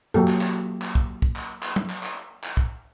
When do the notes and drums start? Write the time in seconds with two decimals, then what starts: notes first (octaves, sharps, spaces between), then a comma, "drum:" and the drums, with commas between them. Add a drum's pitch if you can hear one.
0.14 F#3 A#3 G4 A4, drum: tom F#2
0.28 drum: clap
0.41 drum: clap
0.82 drum: clap
0.95 drum: kick
1.22 drum: kick
1.36 drum: clap
1.63 drum: clap
1.76 drum: tom
1.90 drum: clap
2.03 drum: clap
2.44 drum: clap
2.57 drum: kick